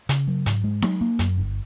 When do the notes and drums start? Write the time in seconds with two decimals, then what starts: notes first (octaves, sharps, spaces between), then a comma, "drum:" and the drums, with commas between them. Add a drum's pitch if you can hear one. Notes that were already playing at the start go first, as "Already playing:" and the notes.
0.09 C#3, drum: hi-hat
0.28 F#3
0.46 G#2, drum: hi-hat
0.64 G#3
0.82 F#3, drum: snare D#4
1.01 A#3
1.19 F#2, drum: hi-hat
1.37 G1